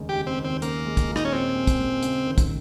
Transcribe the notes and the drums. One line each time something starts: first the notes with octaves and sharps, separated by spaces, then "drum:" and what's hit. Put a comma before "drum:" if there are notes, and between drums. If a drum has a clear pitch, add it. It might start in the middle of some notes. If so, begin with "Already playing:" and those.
Already playing: F1 D#2 C#3 G#3
G4
C#3
C4
D#2
C4
A#3 C#4, drum: hi-hat
G#3
drum: kick, hi-hat
A#2
D#4, drum: rim click
C#4
A#2 C4
C#4
drum: kick, hi-hat
G#3
C#3, drum: hi-hat
D#2
drum: kick, hi-hat